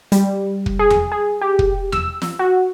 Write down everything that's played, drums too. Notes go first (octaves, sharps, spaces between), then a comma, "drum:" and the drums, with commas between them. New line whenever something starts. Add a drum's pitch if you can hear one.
G3, drum: hi-hat
drum: kick
G#4
drum: tom E2
G#4
G4
drum: kick
E6, drum: tom E2
drum: snare
F#4